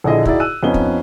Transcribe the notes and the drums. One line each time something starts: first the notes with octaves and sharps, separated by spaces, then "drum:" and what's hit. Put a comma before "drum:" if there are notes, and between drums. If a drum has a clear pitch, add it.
A#1 D3 E4 G#4 D#5
D#4 E4 F#4 G#4 D5 E5, drum: kick
E6 F#6 D#7
F2 B3 C#4 D#4 G7
drum: kick